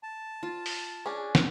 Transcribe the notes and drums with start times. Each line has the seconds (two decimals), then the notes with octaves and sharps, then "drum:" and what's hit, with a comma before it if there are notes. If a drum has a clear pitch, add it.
0.03 A5
0.43 F4
0.66 drum: open hi-hat
1.06 C#4 D4 G#4
1.35 drum: snare